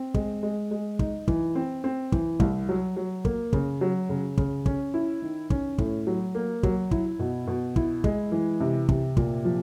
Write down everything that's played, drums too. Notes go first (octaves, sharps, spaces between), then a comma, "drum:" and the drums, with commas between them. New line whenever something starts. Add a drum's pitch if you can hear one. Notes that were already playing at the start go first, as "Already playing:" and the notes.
Already playing: C4
G#3, drum: kick
G#3
G#3
D#4, drum: kick
E3, drum: kick
C4
C4
E3, drum: kick
C2, drum: kick
F#3
F#3
A#3, drum: kick
C#3, drum: kick
F#3
C#3
C#3, drum: kick
C#4, drum: kick
E4
D#3
C#4, drum: kick
A2, drum: kick
F#3
A#3
F#3, drum: kick
E4, drum: kick
B2
B2
E4, drum: kick
G#3, drum: kick
E3
C3
C3, drum: kick
A#2, drum: kick
F3